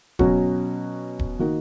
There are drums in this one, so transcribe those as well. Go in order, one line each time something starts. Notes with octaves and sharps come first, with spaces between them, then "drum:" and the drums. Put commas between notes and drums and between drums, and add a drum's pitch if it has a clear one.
B2 F#3 C#4 F#4, drum: kick D#1
drum: kick D#1
D#3 A#3 D#4 F#4